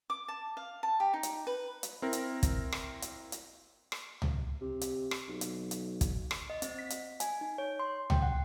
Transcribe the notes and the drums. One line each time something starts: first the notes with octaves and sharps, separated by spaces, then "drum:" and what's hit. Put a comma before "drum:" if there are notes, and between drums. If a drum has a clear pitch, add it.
D6
A5
F5
A5
G4
D#4
drum: hi-hat
B4
drum: hi-hat
C4 E4 A#4
drum: hi-hat
drum: kick, hi-hat
drum: rim click
drum: hi-hat
drum: hi-hat
drum: rim click
drum: tom C#2
C3
drum: hi-hat
drum: rim click
B1
drum: hi-hat
drum: hi-hat
drum: kick, hi-hat
drum: rim click
D#5
C4, drum: hi-hat
B6
drum: hi-hat
G#5, drum: hi-hat
D#4
C#5
C6
G5, drum: tom C#2
F#5